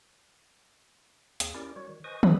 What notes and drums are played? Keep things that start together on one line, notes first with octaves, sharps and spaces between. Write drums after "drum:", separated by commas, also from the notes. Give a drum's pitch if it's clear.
D#2 A#3 C4 G#4, drum: hi-hat
C#4 E4 G4 A#4 D5
G3 F#4 C#5
D#3
B4 C5 D#5 G#5 C#6 D#6
G4 G#4 B4 B5 D#6 E6, drum: tom